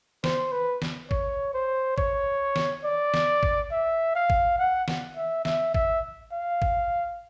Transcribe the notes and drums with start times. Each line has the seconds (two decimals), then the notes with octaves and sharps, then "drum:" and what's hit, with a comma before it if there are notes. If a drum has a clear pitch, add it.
0.24 C5, drum: snare
0.52 B4
0.82 drum: snare
1.11 C#5, drum: kick
1.54 C5
1.98 C#5, drum: kick
2.56 drum: snare
2.85 D5
3.14 drum: snare
3.43 drum: kick
3.72 E5
4.15 F5
4.30 drum: kick
4.59 F#5
4.88 drum: snare
5.16 E5
5.45 E5, drum: snare
5.74 E5, drum: kick
6.32 F5
6.62 drum: kick